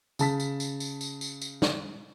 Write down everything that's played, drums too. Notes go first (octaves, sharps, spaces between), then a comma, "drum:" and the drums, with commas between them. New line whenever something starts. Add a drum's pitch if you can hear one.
C#3 A5 B6, drum: tambourine
drum: tambourine
drum: tambourine
drum: tambourine
drum: tambourine
drum: tambourine
drum: tambourine
drum: snare